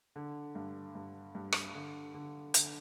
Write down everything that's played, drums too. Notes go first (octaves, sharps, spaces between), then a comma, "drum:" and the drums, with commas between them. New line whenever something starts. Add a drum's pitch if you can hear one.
D3
G2
G2
G2
drum: rim click
D3
D3
D3, drum: hi-hat